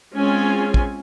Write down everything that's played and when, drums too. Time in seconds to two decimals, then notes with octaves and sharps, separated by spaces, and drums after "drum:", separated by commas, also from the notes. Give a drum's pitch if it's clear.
0.15 G#3 C4 C#4 F4 G#5
0.74 drum: kick